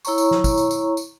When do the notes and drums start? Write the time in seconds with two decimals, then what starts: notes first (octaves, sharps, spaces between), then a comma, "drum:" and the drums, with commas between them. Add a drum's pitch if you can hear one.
0.05 E4 C#5 A#5 C#6, drum: tambourine
0.18 drum: tambourine
0.31 drum: snare
0.44 drum: kick, tambourine
0.57 drum: tambourine
0.71 drum: tambourine
0.97 drum: tambourine